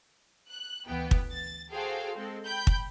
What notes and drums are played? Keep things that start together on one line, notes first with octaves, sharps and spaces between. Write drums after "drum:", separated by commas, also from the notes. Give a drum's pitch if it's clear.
F#6
D2 E3 B3 G5
drum: kick
A6
F#4 G#4 A4 C5 F5 G5
G#3 C4 A4
G5 B5 G6
drum: kick